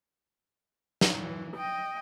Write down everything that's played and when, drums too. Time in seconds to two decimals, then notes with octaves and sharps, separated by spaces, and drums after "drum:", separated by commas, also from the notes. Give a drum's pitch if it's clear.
1.01 drum: snare
1.20 E3
1.56 D#5 G5